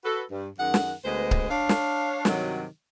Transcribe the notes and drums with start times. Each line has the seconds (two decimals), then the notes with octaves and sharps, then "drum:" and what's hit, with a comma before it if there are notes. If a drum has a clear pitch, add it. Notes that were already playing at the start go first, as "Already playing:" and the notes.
0.05 F#4 A4 B4
0.31 G2
0.59 F#2 D#3 G#4 F#5
0.74 drum: snare
1.05 D2 G#3 B3 B4 C5 D#5
1.31 drum: kick C#1
1.50 D4 C#5 F5
1.69 drum: snare
2.25 G2 C3 D#3 F#3, drum: snare